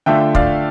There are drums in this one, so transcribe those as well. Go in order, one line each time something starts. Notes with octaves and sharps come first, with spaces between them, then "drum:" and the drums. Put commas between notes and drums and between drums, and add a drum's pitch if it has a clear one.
D3 A3 D4 F4 E5 G5
D5 F5, drum: kick